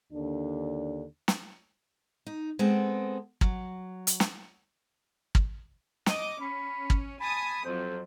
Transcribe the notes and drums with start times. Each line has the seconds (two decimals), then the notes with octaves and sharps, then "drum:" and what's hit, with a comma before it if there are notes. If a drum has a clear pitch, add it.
0.13 D#2 D3 D4
1.28 drum: snare
2.27 D#4
2.59 G#3 B3 C4 A4
3.41 F#3, drum: kick
4.07 drum: hi-hat
4.20 drum: snare
5.35 drum: kick
6.06 D#5 D6, drum: snare
6.41 C#4 B5
6.90 drum: kick
7.20 G#5 A5 B5 D#6
7.65 F2 F#3 C5